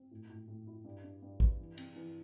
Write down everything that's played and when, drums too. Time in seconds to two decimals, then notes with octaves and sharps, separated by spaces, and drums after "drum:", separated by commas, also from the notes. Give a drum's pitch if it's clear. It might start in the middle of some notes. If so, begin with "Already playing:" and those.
Already playing: C4
0.11 A2
0.29 A2
0.48 A2
0.67 E4
0.84 G2
1.04 D4
1.22 G2
1.40 B3, drum: kick
1.59 E3
1.78 C3, drum: cymbal
1.96 E3